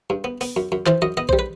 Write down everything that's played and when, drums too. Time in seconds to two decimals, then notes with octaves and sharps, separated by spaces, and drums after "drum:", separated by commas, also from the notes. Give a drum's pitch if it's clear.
0.10 G2
0.24 B3
0.41 B3, drum: open hi-hat
0.56 F#2
0.72 F#2
0.86 E3 C5, drum: clap
1.02 F#2 D#5
1.17 B3 D#5
1.29 G3 C5, drum: kick A#1
1.39 B4